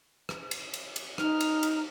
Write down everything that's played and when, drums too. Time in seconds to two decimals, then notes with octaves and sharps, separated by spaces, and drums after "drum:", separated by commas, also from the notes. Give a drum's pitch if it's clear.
0.29 drum: rim click
0.51 drum: cymbal
0.74 drum: cymbal
0.96 drum: cymbal
1.18 D#4 F6, drum: rim click
1.40 drum: cymbal
1.63 drum: cymbal